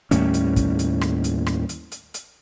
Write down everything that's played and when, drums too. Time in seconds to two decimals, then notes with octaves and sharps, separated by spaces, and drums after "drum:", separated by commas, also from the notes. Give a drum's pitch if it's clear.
0.11 D#2 A2 G3 C#4, drum: hi-hat
0.34 drum: hi-hat
0.56 drum: kick, hi-hat
0.79 drum: hi-hat
1.01 drum: rim click
1.24 drum: hi-hat
1.46 drum: rim click
1.69 drum: hi-hat
1.92 drum: hi-hat
2.14 drum: hi-hat